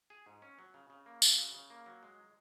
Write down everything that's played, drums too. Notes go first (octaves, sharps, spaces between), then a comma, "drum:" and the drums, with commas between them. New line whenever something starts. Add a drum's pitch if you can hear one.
G#4
G#2
C#4
F#3
C#3
C#3
A#3
F#3, drum: tambourine
C#3
C#3
A#3
F#3
G#3